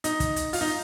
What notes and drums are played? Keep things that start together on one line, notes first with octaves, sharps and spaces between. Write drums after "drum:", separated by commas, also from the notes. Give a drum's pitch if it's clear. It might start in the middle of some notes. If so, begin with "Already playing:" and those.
D#4, drum: hi-hat
drum: kick, hi-hat
drum: hi-hat
F4, drum: open hi-hat
D#4